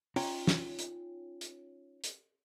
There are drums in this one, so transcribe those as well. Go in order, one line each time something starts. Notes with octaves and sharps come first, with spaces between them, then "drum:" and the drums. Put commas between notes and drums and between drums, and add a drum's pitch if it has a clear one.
C#4 D#4 F4 C#5 G5 A#5, drum: open hi-hat
drum: snare
drum: hi-hat
drum: hi-hat
drum: hi-hat